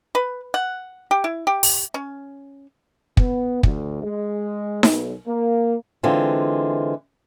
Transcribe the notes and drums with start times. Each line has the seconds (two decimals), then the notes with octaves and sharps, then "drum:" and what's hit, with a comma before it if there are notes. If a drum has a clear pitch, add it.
0.15 B4
0.54 F#5
1.11 G4
1.24 E4
1.47 G4
1.63 drum: open hi-hat
1.94 C#4
3.17 B3, drum: kick
3.63 D2, drum: kick
4.04 G#3
4.83 B1, drum: snare D#4
5.27 A#3
6.03 D3 E3 G#3 C4 F4